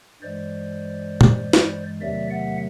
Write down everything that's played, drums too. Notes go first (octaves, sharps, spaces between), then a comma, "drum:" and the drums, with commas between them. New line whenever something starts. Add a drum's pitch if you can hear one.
G2 E3 G#3 C5 D5
drum: tom
drum: snare
E2 C3 D#3 F#3 A3 D5 E5
E5 F#5